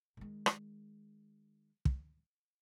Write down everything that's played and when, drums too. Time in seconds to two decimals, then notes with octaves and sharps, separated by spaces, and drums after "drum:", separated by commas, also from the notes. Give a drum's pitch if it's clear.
0.17 D#3 G#3
0.46 drum: rim click
1.85 drum: kick